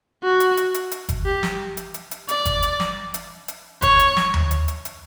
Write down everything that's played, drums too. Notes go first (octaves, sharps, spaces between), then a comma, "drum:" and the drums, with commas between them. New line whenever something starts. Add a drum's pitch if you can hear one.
F#4
drum: hi-hat
drum: hi-hat
drum: hi-hat
drum: hi-hat
drum: kick G1, hi-hat
G4
drum: snare
drum: hi-hat
drum: hi-hat
drum: hi-hat
D5, drum: hi-hat
drum: kick G1, hi-hat
drum: hi-hat
drum: snare
drum: hi-hat
drum: hi-hat
C#5, drum: kick G1, hi-hat
drum: hi-hat
drum: snare
drum: tom D#2
drum: hi-hat
drum: hi-hat
drum: hi-hat